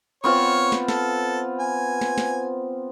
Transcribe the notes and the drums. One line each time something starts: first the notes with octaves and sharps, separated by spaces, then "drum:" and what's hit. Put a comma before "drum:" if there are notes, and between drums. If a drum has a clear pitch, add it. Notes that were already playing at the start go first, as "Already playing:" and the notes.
B3 C4 F4 C#5 C#6
drum: snare
A4, drum: snare
G#5
drum: snare
drum: snare